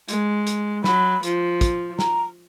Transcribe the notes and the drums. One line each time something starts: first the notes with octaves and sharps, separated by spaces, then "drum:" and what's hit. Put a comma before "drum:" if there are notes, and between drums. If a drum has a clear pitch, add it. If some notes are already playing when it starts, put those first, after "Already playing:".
G#3, drum: hi-hat
drum: hi-hat
F#3 B5, drum: snare
F3, drum: hi-hat
drum: kick, hi-hat
A#5, drum: snare